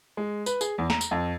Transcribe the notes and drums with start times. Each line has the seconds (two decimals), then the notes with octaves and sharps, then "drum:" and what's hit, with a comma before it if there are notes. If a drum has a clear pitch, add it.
0.17 G#3
0.46 B4, drum: tambourine
0.61 G#4, drum: tambourine
0.78 E2
0.90 A#5, drum: snare
1.01 drum: tambourine
1.11 F2